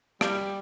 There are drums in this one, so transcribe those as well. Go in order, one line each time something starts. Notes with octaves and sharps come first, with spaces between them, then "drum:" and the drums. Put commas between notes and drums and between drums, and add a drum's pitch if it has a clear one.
G3, drum: rim click